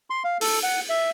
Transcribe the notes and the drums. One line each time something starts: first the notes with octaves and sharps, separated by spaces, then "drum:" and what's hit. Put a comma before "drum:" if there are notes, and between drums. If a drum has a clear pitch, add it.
C6
F5
A4, drum: open hi-hat
F#5
E5